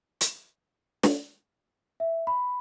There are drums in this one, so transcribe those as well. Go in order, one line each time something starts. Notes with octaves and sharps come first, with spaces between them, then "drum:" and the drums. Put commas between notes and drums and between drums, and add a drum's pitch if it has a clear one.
drum: hi-hat
drum: snare
E5
B5